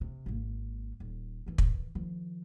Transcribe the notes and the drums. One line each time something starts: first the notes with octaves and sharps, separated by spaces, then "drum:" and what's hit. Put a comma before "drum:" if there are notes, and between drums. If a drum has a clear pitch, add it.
C3
G#1 A#3
D#1
D#3 E3
drum: kick
D#3 F3